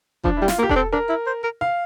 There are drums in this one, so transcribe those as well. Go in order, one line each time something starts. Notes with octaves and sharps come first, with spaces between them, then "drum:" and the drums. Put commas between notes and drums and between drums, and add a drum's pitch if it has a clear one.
F3 D4, drum: kick E1
G3 E4
F4, drum: snare
A#3
G4
D4 A4, drum: kick E1
C4
D4 A#4
E4
C5
A#4
F5